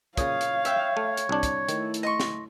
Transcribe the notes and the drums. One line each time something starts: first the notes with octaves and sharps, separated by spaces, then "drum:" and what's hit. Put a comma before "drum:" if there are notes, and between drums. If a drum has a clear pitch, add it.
A#2 C#3 C#5 F5 D#6, drum: kick, hi-hat
drum: hi-hat
E5 G5, drum: hi-hat
A3
drum: hi-hat
C2 D4
drum: kick, hi-hat
D#3 A3 E4, drum: hi-hat
drum: hi-hat
D#5 C6 C#6
drum: snare